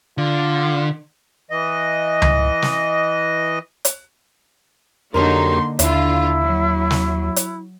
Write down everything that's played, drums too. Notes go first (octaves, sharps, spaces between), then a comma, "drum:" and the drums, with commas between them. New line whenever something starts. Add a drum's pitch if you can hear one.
D3 F4
E3 D#5
drum: tom C#2
drum: snare
drum: hi-hat
F2 D3 F#3 A#3 D#4 G4 A#4 C6
D#2 D3 E4 F4 E5, drum: hi-hat
F#3
drum: snare
drum: hi-hat